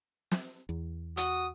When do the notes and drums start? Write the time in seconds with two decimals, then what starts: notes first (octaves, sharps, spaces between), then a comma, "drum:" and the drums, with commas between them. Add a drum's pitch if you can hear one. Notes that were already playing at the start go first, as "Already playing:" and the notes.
0.31 drum: snare
0.69 E2
1.17 F#4 D#6, drum: hi-hat